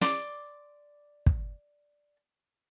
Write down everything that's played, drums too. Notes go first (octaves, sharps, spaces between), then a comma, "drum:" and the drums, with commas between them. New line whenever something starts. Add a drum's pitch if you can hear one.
D5 C6 D6, drum: snare
drum: kick